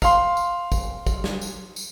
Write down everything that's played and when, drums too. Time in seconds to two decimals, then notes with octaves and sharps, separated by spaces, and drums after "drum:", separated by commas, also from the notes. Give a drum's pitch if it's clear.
0.02 F5 C6, drum: kick, tambourine
0.37 drum: tambourine
0.72 drum: kick, tambourine
1.07 drum: kick, tambourine
1.24 drum: snare
1.41 drum: tambourine
1.76 drum: tambourine